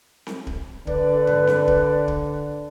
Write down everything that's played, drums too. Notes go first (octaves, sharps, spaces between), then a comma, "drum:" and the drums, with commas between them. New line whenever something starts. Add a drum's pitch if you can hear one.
drum: snare C4
drum: kick D1
D3 B4 D5, drum: kick D1
drum: tom G2
drum: snare C4
drum: kick D1
drum: kick D1